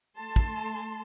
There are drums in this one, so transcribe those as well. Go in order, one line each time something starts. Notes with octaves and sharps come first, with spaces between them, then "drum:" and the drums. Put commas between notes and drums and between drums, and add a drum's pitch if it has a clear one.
A3 A5 C6
drum: kick